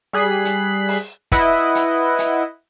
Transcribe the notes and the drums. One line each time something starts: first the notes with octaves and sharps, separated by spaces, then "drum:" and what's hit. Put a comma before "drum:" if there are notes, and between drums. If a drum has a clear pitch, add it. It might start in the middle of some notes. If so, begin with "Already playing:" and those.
G3 G#4 F#6 B6 C7
drum: hi-hat
drum: open hi-hat
E4 B4 D#5 F#5, drum: kick, hi-hat
drum: hi-hat
drum: hi-hat